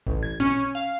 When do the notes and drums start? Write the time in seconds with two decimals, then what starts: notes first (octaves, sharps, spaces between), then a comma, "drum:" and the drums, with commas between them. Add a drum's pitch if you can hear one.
0.07 A1, drum: kick
0.23 G#6
0.40 C#4, drum: tom
0.75 F5